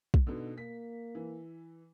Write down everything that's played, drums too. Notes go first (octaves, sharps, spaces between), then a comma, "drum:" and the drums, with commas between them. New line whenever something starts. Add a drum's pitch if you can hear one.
drum: kick
B2 D3 D#4
A#3 B6
E3